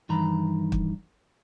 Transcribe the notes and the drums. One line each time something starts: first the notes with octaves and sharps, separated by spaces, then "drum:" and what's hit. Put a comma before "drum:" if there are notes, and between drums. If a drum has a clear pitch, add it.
G2 D#3 E3 A#5 B5
drum: kick